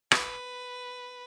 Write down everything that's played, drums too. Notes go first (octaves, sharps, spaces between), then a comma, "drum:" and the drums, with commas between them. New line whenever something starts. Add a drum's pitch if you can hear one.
B4, drum: rim click